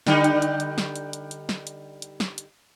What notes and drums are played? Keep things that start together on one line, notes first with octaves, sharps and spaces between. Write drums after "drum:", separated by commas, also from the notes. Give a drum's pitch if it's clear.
D3 G3 D#4, drum: snare
drum: hi-hat
drum: hi-hat
drum: hi-hat
drum: snare
drum: hi-hat
drum: hi-hat
drum: hi-hat
drum: snare
drum: hi-hat
drum: hi-hat
drum: snare
drum: hi-hat